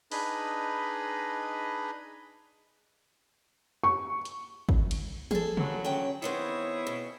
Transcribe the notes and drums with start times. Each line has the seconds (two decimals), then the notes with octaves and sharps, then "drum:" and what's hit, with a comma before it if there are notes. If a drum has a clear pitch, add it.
0.12 D4 D#4 G#4 B4 D#5 B5, drum: open hi-hat
3.84 C#6
4.25 drum: hi-hat
4.69 drum: kick
4.91 drum: cymbal
5.31 G#4 A4, drum: tom E3
5.57 G2 A#2 F#3, drum: tom
5.85 C#4 G5
6.22 D#3 B3 C4 E4 G#4 C#5
6.87 B2